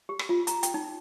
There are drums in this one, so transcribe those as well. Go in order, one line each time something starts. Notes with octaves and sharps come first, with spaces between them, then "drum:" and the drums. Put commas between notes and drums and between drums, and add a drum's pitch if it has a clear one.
G4
drum: rim click
F4
A#5, drum: hi-hat
G5, drum: hi-hat
D#4